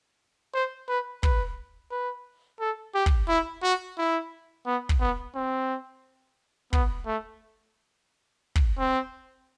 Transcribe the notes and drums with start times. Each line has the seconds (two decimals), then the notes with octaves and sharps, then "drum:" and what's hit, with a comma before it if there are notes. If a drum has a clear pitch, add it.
0.54 C5
0.89 B4
1.23 B4, drum: kick
1.91 B4
2.60 A4
2.95 G4
3.06 drum: kick
3.29 E4
3.63 F#4
3.98 E4
4.66 B3
4.89 drum: kick
5.01 B3
5.35 C4
6.73 B3, drum: kick
7.06 A3
8.55 drum: kick
8.78 C4